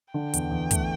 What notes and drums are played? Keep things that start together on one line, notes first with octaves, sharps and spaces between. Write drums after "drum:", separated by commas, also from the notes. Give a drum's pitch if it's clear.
D3 G5
E2, drum: hi-hat
E2
A3, drum: kick, hi-hat